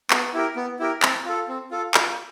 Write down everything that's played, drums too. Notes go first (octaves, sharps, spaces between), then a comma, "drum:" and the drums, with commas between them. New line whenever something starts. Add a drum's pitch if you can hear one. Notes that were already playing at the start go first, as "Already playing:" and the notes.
B3, drum: clap
E4 G4 A#4
B3
E4 G4 A#4
C4, drum: clap
F4 A4
C4
F4 A4
F4, drum: clap